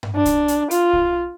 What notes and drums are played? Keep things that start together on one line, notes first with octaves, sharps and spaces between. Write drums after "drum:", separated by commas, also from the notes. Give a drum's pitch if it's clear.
drum: tom G2
D4
drum: kick B1, hi-hat
drum: hi-hat
F4, drum: hi-hat
drum: kick B1